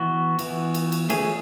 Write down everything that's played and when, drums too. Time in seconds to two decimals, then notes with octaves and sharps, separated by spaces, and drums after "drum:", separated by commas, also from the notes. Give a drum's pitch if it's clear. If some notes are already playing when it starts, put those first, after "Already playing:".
Already playing: E3 B3 F#4
0.39 E3 B3, drum: cymbal
0.74 drum: cymbal
0.92 drum: cymbal
1.10 E3 A3 C#4 G#4, drum: cymbal